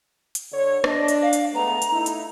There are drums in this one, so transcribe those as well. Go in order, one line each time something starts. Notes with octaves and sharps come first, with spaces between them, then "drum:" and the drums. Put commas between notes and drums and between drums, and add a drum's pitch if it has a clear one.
drum: hi-hat
D3 C#5
D4 D#5, drum: rim click
drum: hi-hat
F5
drum: hi-hat
G#3 A3 B3 A#5
drum: hi-hat
A3 D#4 E4
drum: hi-hat